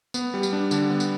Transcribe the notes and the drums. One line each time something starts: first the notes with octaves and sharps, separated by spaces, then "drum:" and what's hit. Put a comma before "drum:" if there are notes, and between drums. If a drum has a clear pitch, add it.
B3, drum: tambourine
G3
drum: tambourine
D4
D3, drum: tambourine
B3
drum: tambourine